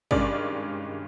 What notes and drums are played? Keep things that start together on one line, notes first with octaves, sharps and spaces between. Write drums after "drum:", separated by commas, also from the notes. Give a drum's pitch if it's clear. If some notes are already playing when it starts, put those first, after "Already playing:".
G2 D#3 G#3 C#4 D5, drum: kick